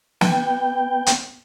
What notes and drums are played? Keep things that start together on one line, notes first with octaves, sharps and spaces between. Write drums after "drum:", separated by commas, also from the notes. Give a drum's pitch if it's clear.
B3 G5, drum: snare
drum: hi-hat